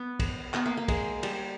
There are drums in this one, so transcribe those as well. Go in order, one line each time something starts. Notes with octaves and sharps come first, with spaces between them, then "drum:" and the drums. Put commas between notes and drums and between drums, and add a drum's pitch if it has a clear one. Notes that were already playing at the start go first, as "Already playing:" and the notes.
Already playing: B3
drum: kick, cymbal
B3, drum: clap
A#3
A#3
G#3, drum: kick, cymbal
G3, drum: cymbal